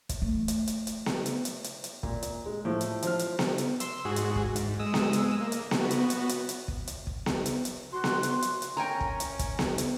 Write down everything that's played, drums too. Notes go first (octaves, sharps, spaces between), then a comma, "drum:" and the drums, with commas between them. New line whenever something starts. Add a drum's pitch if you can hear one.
drum: kick, hi-hat
A3
drum: hi-hat
drum: hi-hat
drum: hi-hat
drum: snare B3
drum: hi-hat
drum: hi-hat
drum: hi-hat
drum: hi-hat
A#2, drum: kick
drum: hi-hat
G#3
A2 F3
drum: hi-hat
F3 F6, drum: hi-hat
drum: hi-hat
drum: snare B3
drum: hi-hat
C6 E6, drum: hi-hat
G#2 F#4 G#4
drum: hi-hat
drum: kick
G#2, drum: hi-hat
G#3 D#6 E6
drum: snare B3
drum: hi-hat
A#3
drum: hi-hat
drum: snare B3
B3 F#4
drum: hi-hat
drum: hi-hat
drum: hi-hat
drum: hi-hat
drum: kick
drum: hi-hat
drum: kick
drum: snare B3
drum: hi-hat
drum: hi-hat
F#4 C6
drum: snare B3
drum: hi-hat
drum: hi-hat
drum: hi-hat
C#4 A#4 G5 G#5 A#5 C#6
drum: kick
drum: hi-hat
drum: kick, hi-hat
drum: snare B3
drum: hi-hat